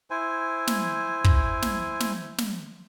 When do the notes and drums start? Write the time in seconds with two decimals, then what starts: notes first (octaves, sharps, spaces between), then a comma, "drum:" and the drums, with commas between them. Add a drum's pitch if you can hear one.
0.10 E4 C5 G#5
0.67 drum: snare
1.24 drum: kick
1.62 drum: snare
2.00 drum: snare
2.38 drum: snare